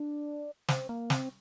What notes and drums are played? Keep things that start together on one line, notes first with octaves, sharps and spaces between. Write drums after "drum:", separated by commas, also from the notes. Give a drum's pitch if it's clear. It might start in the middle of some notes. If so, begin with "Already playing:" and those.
Already playing: D4
C4, drum: snare
A#3
C4, drum: snare